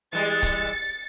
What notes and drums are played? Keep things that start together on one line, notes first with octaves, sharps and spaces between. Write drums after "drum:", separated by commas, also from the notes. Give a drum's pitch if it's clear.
E3 G3 G#3 A6 C#7
drum: kick, hi-hat